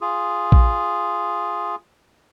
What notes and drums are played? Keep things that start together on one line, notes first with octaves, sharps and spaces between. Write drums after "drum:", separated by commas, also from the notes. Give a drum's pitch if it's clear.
F4 G#4
drum: kick A#1